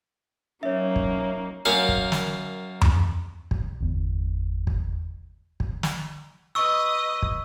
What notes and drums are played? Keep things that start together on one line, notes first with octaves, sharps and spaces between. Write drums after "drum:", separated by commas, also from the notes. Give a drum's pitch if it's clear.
F#3 A#3 C#4 D#4 C#5 E5
drum: kick
F#2 A#3 F5
drum: kick
drum: snare
drum: tom F2
drum: kick
G1 E2
drum: kick
drum: kick
drum: snare
B4 D#5 C#6 D#6 E6
drum: kick